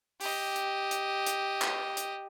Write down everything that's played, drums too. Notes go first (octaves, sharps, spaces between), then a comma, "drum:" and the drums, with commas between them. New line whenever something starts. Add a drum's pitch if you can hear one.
G4 D#5, drum: open hi-hat
drum: hi-hat
drum: hi-hat
drum: hi-hat
drum: clap
drum: hi-hat